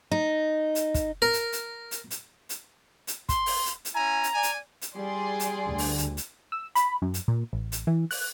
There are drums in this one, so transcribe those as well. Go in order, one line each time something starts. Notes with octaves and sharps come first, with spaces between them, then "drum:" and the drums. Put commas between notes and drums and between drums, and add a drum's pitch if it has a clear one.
D#4
drum: hi-hat
drum: kick, hi-hat
A#4
drum: hi-hat
drum: hi-hat
drum: hi-hat
drum: hi-hat
drum: hi-hat
drum: hi-hat
C6, drum: kick, hi-hat
drum: open hi-hat
drum: hi-hat
drum: hi-hat
C#4 E4 G#5 A#5
drum: hi-hat
D5 G#5
drum: hi-hat
drum: hi-hat
G3 G#4 D5 G#5 C6
drum: hi-hat
D2 D3
drum: open hi-hat
drum: hi-hat
drum: hi-hat
E6
B5, drum: hi-hat
F#2
drum: hi-hat
A#2
A1
drum: hi-hat
E3
F#6, drum: open hi-hat